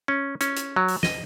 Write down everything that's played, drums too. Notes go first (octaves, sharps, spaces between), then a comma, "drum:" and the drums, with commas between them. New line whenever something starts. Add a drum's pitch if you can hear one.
C#4
C#4, drum: hi-hat
drum: hi-hat
F#3
drum: open hi-hat
D#5, drum: snare